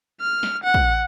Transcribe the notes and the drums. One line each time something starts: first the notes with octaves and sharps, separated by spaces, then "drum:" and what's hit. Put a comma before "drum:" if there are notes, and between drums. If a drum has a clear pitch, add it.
F6
drum: snare
F#5
drum: kick